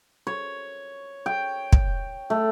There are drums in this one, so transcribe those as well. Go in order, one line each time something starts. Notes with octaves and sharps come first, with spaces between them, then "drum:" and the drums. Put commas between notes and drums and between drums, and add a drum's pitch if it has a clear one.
C#5
G5
drum: kick
A3